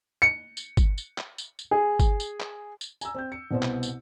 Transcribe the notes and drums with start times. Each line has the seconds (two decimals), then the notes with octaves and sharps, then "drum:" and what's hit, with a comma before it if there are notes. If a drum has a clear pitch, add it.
0.22 C#7
0.57 drum: tambourine
0.77 drum: kick G1, tambourine
0.98 drum: tambourine
1.18 drum: clap
1.38 drum: tambourine
1.59 drum: tambourine
1.71 G#4
2.00 drum: kick G1, tambourine
2.20 drum: tambourine
2.40 drum: clap
2.81 drum: tambourine
3.01 G#5 A#5 E6, drum: tambourine
3.15 C4 G5 G6
3.32 C#7
3.51 C2 B2 B3 C5
3.62 drum: clap
3.83 drum: tambourine